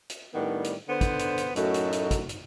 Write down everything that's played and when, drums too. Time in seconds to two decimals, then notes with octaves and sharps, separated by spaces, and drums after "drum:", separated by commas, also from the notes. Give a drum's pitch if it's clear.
0.10 drum: hi-hat
0.35 A2 D#3 G3 B3 D4
0.64 drum: hi-hat
0.89 D3 B3 C5
1.01 drum: kick, hi-hat
1.19 drum: hi-hat
1.38 drum: hi-hat
1.56 F#2 A2 A3 D#4 F#4, drum: hi-hat
1.74 drum: hi-hat
1.93 drum: hi-hat
2.11 drum: kick, hi-hat
2.29 drum: hi-hat